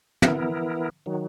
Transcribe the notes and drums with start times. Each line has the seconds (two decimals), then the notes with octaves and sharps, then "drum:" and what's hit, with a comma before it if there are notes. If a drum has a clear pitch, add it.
0.22 E3 B3 E4 A#4, drum: tom
1.06 D#3 F#3